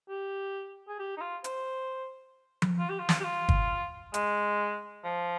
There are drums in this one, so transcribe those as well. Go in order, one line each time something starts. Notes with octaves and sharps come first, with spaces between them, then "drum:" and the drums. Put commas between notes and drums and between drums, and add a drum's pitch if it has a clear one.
G4
G#4
G4
D#4
F4
C5, drum: hi-hat
drum: tom F3
F4
G4
F4
drum: snare
G4
F4
drum: kick
G#3, drum: hi-hat
F3